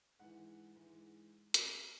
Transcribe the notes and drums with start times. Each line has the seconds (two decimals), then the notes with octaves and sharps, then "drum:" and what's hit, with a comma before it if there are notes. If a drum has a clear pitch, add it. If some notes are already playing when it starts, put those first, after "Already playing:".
0.19 G#2 E3 F#5
0.75 G#2 E3
1.54 drum: hi-hat